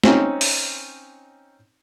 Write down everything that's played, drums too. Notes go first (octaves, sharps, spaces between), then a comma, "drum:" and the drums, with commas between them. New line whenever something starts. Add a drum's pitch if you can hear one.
C4 C#4 D#4, drum: snare
drum: open hi-hat